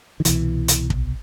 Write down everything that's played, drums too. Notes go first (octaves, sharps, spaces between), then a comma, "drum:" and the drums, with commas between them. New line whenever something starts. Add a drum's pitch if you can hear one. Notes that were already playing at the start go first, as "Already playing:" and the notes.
D#3
C2 B2 E3, drum: hi-hat
drum: hi-hat
drum: kick